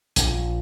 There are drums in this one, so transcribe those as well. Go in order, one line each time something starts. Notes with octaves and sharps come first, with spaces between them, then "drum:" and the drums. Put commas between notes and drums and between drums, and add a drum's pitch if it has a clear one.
A#1, drum: hi-hat